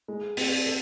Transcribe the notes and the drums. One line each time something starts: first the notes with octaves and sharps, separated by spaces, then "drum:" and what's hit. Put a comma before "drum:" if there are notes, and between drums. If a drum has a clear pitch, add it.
G#3
C4, drum: open hi-hat
A4